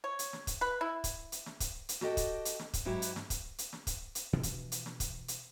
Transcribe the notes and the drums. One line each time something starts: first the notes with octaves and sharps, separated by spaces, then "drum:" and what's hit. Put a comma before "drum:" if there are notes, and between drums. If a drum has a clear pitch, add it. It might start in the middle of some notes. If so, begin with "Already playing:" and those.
C#5
drum: hi-hat
drum: snare
drum: kick, hi-hat
B4
E4
drum: kick, hi-hat
drum: hi-hat
drum: snare
drum: kick, hi-hat
drum: hi-hat
F#4 G4 A4 D#5 G5, drum: snare
drum: kick, hi-hat
drum: hi-hat
drum: snare
drum: kick, hi-hat
G#2 F#3 E4 F#4 G4
drum: hi-hat
drum: snare
drum: kick, hi-hat
drum: hi-hat
drum: snare
drum: kick, hi-hat
drum: hi-hat
B2 E3 F3 D4
drum: kick, hi-hat
drum: hi-hat
drum: snare
drum: kick, hi-hat
drum: hi-hat